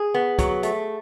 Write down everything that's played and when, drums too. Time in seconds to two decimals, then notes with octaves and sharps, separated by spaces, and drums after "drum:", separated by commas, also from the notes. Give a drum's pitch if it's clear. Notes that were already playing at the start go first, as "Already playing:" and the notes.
Already playing: G#4
0.14 B3
0.39 F#3, drum: kick, hi-hat
0.63 A3, drum: hi-hat